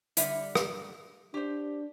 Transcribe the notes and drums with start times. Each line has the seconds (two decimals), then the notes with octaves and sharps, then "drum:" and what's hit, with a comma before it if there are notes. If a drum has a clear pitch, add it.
0.17 D3 G3 E5, drum: hi-hat
0.55 drum: rim click
1.34 D4 G4 C5